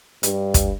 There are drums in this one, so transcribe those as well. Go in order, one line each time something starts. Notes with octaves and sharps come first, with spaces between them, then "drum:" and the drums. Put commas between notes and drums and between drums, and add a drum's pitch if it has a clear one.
G2, drum: hi-hat
drum: kick, hi-hat